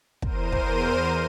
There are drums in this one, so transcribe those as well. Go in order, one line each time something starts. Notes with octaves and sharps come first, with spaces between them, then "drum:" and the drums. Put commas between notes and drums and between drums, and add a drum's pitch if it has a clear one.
E2 A#4 C5 D#7, drum: kick
drum: kick